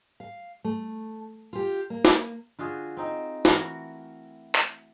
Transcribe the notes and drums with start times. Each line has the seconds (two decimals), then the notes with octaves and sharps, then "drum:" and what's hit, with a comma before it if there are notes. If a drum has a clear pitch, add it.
0.20 F5
0.64 A3
1.53 F4 G4
1.90 A#3
2.05 drum: snare
2.59 D3 F4 F#4 G#4
2.97 C4 D#4
3.45 E3 A3 F#4 A#4, drum: snare
4.55 drum: clap